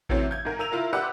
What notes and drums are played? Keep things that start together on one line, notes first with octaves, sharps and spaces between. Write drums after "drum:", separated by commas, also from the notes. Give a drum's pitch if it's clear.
C3 E3 F#3 A3 C4 C#4, drum: kick A1
G6 G#6
G#2 A#4
A#4 E6 D#7 F7
E4 F4 A#4
G4 B4 C5 D5 F#5 E6